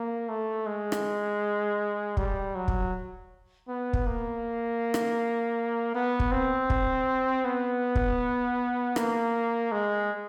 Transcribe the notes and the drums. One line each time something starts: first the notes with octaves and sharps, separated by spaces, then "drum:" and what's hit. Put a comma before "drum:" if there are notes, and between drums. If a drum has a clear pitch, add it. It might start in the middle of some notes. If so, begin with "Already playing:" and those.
Already playing: A#3
A3
G#3
drum: rim click
G3, drum: kick
F#3
drum: kick
B3
drum: kick
A#3
drum: rim click
B3
drum: kick
C4
drum: kick
B3
drum: kick
A#3, drum: rim click
G#3